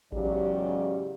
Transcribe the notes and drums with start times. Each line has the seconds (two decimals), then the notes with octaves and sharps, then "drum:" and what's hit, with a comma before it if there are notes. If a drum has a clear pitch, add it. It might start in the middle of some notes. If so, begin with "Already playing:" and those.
0.12 E2 G#2 C#3 F#3 G4 D5, drum: kick A1